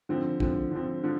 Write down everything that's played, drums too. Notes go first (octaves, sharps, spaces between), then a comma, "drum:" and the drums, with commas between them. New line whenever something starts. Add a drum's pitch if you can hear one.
D3 F3 C4
D3 F3 C4, drum: kick
D3 F3 C4
D3 F3